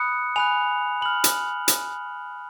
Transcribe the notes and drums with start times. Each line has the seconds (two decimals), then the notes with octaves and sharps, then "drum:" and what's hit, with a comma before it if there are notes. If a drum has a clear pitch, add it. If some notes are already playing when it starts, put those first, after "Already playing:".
Already playing: B5 D#6 F#6 C#7
0.36 G#5 B5 F#6 F7
1.01 B5 F6 F#7
1.24 drum: hi-hat
1.68 drum: hi-hat